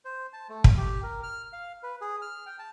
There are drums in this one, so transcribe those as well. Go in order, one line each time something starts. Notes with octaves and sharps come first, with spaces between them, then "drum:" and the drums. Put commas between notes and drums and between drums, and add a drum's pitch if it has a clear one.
C5
A5
A3
drum: kick
G4
A#4
F6
F5
B4
G#4
F6
G5
A5